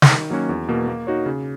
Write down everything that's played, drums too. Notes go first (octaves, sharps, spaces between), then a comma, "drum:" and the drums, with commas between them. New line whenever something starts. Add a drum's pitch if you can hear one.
drum: snare
D#3
F#3 A#3 C#4 F#4
E2
B2 A#3
A#3
D#4 F#4 C#5
C#3